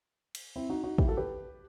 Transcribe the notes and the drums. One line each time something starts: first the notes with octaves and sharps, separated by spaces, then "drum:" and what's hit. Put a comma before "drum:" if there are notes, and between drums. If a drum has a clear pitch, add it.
drum: cymbal
C4 E4
D#4 F#4
D#4 F#4
E4 G4, drum: kick
F#4 A4
G4 B4